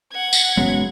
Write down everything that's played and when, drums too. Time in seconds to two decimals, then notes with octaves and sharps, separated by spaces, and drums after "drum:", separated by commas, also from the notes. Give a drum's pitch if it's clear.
0.13 F#5 G#6
0.33 drum: tambourine
0.57 E1 F#2 C#3 F#3 G#3 B3